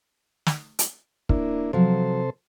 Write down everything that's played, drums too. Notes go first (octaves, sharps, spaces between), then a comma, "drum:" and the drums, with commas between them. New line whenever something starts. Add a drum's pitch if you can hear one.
drum: snare
drum: hi-hat
A#3 D4 E4, drum: kick
C3 F3 F#3 A4 C5